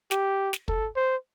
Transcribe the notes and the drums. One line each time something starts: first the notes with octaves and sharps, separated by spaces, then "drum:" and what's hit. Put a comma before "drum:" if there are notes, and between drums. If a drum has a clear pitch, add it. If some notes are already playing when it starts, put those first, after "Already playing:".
G4, drum: snare
drum: snare
A4, drum: kick
C5